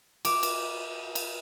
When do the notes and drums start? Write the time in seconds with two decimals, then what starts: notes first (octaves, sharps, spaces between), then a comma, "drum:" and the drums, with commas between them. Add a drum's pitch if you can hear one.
0.25 D6, drum: cymbal
0.43 drum: cymbal
1.15 drum: cymbal